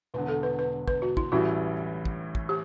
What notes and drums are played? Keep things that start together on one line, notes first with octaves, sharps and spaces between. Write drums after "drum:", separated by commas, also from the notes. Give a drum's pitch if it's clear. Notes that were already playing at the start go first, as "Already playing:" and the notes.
E1 E2 D3 B4
A4
B4
B4
B4, drum: kick
F#4
E4, drum: kick
A1 A2 E3 G3 F#4
drum: kick
drum: kick
G4